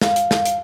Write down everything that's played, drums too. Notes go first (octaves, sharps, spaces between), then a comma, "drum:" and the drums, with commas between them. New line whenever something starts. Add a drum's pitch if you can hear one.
F5, drum: snare
drum: hi-hat
drum: snare
drum: hi-hat